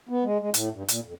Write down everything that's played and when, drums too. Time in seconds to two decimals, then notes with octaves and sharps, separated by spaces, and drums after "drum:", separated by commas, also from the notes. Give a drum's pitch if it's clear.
0.09 B3
0.24 G#3
0.40 G#3
0.54 A2, drum: hi-hat
0.74 G2
0.88 A#2, drum: hi-hat
1.04 F2